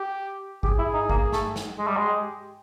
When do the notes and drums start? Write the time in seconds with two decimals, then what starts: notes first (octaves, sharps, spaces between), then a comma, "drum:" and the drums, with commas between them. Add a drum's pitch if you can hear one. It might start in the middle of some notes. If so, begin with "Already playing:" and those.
Already playing: G4
0.63 G4 G#4, drum: kick G#1
0.79 E4
0.94 D#4
1.10 A#3, drum: kick G#1
1.32 A3, drum: snare
1.56 drum: snare
1.79 G#3
1.87 G3
1.97 G#3 G4